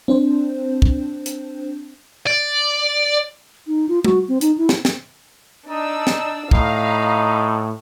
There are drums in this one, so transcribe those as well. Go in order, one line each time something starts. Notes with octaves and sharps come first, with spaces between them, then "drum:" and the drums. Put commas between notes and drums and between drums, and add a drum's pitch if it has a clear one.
C4 D4 C5
drum: kick
drum: hi-hat
D5
D#4
F4
F#4, drum: tom
C4
D#4, drum: hi-hat
E4
drum: snare
drum: snare
D4 D#4 E6
drum: snare
A2 D#4 F5 A#5 B5, drum: kick